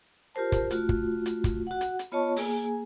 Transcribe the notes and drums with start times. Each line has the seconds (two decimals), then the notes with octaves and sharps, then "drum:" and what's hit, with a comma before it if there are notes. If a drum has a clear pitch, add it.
0.35 F4 G4 A#4 C5 A5
0.52 drum: kick, hi-hat
0.71 A3 F4 F#4, drum: hi-hat
0.89 drum: kick
1.26 drum: hi-hat
1.44 drum: kick, hi-hat
1.67 F#4 F#5
1.81 drum: hi-hat
1.99 drum: hi-hat
2.12 B3 F4 C#5 D#5 A5 C#6
2.36 A#3 G#4 G#5, drum: open hi-hat